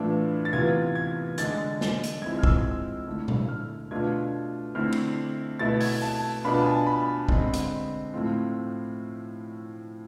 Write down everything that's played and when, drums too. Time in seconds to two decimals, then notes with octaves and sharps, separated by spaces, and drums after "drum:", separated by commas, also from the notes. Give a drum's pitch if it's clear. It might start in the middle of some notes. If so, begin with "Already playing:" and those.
Already playing: A2 E3 A3 D4 F4
0.45 A6
0.53 C3 E3 B3 F4 G#6
0.95 G#6
1.38 D3 G#3 D4 A6, drum: hi-hat
1.81 drum: snare
2.03 drum: hi-hat
2.22 F3 G#3 C4 E4 G#6
2.39 F6
2.43 E6, drum: kick
3.07 D3 A3 E4
3.28 drum: tom A#2
3.49 F6
3.91 B2 A3 D4 F4 G#6
4.75 D3 A3 C4 E4 F6
4.92 drum: cymbal
5.59 B2 A3 E4 A6
5.80 G#6, drum: open hi-hat
6.02 A5
6.44 B2 B3 D4 F4 B5
6.54 A5
6.62 G#5
6.71 A5
6.87 B5
7.29 D3 G#3 C4, drum: kick
7.53 drum: hi-hat
8.14 A2 F3 A3 C4 F4